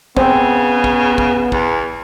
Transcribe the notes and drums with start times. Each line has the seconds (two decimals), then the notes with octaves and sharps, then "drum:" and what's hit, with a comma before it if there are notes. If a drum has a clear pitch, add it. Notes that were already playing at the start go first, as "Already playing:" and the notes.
0.17 C#3 B3 C4, drum: kick
0.84 drum: kick
1.18 drum: kick
1.52 E2, drum: kick